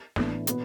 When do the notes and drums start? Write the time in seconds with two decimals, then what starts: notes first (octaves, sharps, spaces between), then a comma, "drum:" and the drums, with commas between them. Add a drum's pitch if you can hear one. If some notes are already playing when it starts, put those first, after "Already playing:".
0.16 A2 E3 B3 D4, drum: snare
0.47 B2 B3, drum: hi-hat